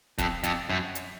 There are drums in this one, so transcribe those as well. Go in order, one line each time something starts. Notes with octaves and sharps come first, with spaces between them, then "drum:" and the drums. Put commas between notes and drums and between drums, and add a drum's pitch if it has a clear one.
F2, drum: kick D1, hi-hat
F2, drum: hi-hat
F#2
drum: hi-hat